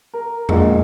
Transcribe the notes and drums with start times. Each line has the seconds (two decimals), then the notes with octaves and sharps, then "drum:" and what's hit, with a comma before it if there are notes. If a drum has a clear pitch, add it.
0.14 A#4
0.49 A#1 A#2 G#3, drum: tom E2